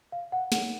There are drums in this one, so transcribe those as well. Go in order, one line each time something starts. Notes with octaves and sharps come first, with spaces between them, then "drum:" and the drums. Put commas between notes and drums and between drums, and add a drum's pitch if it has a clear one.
F5
F#5
D#4 A#4 C#5 F#5, drum: snare